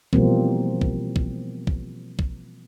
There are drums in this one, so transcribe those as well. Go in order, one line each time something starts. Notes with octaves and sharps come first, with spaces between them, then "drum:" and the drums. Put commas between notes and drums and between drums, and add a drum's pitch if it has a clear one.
B2 E3 F3 G3 A#3 C4, drum: kick
drum: kick
drum: kick
drum: kick
drum: kick